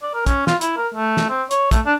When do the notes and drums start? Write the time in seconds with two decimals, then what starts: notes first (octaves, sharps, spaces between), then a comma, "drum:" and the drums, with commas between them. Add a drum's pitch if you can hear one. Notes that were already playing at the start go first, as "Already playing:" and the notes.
0.03 D5
0.15 A#4
0.27 C#4, drum: kick, hi-hat
0.47 F4, drum: snare
0.61 E4, drum: hi-hat
0.77 A#4
0.94 A3
1.17 drum: snare
1.30 C4
1.51 C#5, drum: hi-hat
1.71 A3, drum: kick, hi-hat
1.86 D4